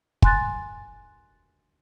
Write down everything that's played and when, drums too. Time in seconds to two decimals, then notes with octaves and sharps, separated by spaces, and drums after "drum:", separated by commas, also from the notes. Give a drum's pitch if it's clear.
0.22 G#5 C6 F#6 A6, drum: kick